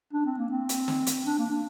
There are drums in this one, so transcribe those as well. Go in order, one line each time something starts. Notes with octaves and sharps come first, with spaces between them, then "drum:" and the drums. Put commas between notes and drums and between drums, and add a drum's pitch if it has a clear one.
D4
C4
A#3
C4
drum: hi-hat
drum: snare
drum: hi-hat
D4
A#3
D4